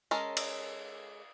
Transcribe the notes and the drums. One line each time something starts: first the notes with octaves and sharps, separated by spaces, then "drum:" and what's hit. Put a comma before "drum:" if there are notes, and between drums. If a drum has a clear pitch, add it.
G#3 C#4 A4 A#4
drum: cymbal